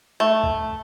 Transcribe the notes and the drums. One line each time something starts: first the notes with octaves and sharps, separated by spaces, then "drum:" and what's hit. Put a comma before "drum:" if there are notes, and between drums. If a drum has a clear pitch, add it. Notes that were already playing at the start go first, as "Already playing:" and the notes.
A3
drum: kick